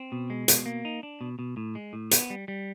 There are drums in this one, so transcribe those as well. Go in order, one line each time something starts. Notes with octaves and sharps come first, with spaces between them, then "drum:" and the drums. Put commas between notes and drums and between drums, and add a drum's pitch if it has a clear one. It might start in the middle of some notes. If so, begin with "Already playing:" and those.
Already playing: C4
B2
G#3
B2, drum: hi-hat
A#3
D#4
D4
B2
B2
A2
G#3
A2
B3, drum: hi-hat
G3
G3